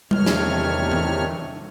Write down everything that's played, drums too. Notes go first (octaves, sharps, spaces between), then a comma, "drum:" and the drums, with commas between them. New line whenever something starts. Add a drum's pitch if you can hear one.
E2 C3 D#3 A3 C#5 F6, drum: tom G3
drum: snare
drum: tom D#3